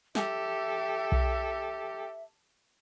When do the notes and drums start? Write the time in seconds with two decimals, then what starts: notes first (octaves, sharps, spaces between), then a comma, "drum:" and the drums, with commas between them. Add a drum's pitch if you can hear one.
0.15 G4 A4 E5, drum: snare
1.12 drum: kick B1